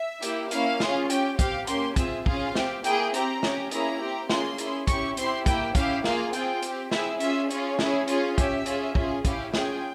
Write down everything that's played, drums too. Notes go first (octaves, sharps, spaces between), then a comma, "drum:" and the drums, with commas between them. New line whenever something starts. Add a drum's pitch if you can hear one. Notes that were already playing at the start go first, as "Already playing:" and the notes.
Already playing: E5
A#3 E4 G4, drum: hi-hat
A#3 C#4 E4 F5, drum: hi-hat
C#4 F4 G#4, drum: snare
C#4 G4 G5, drum: hi-hat
C4 G4 F5, drum: kick, hi-hat
A#3 C#4 G4 C6, drum: hi-hat
C4 F4 G#4 E5, drum: kick, hi-hat
C#4 F4 G#4 F5, drum: kick
C4 G4, drum: snare
A#3 E4 G#4 G5, drum: hi-hat
C4 G4 A#5, drum: hi-hat
C#4 G4, drum: snare
A#3 C#4 E4 G#4 A#5, drum: hi-hat
C4 G4
A#3 C#4 F4 G#4 C6, drum: snare
C#4 E4 G#4, drum: hi-hat
C#4 E4 G4 C#6, drum: kick, hi-hat
C4 E4 G4 C6, drum: hi-hat
A#3 E4 G4 G5, drum: kick, hi-hat
C#4 E4 G4 F5, drum: kick, hi-hat
A#3 F4 G#4 F5, drum: snare
C4 F4 G#4 G5, drum: hi-hat
C4 G4, drum: hi-hat
C4 E4 G#4 E5, drum: snare
C#4 F4 G#4 E5, drum: hi-hat
C#4 F4 G#4 C#5, drum: hi-hat
C#4 E4 G#4, drum: snare
C#4 F4 G#4, drum: hi-hat
C#4 G4 E5, drum: kick, hi-hat
C#4 F4 G#4, drum: hi-hat
C#4 F4 G#4, drum: kick
C#4 E4 G4 F5, drum: kick, hi-hat
C#4 F4 G#4 G5, drum: snare